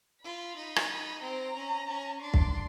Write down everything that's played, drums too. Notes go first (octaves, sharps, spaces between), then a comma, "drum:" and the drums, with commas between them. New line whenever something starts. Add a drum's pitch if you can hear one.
F4 B5
D#4
drum: rim click
B5
C4 A#5
C#4
C#4
D4 C6
drum: kick